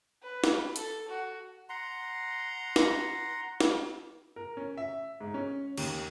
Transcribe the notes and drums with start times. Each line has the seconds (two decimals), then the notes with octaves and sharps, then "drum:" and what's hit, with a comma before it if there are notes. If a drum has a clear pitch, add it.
0.23 B4
0.44 drum: snare
0.76 A4, drum: hi-hat
1.08 F#4
1.69 F#5 A#5 C6
2.76 drum: snare
3.61 drum: snare
4.36 A#4
4.57 C#4
4.77 E5
5.20 G#2
5.34 C#4
5.77 D#2, drum: cymbal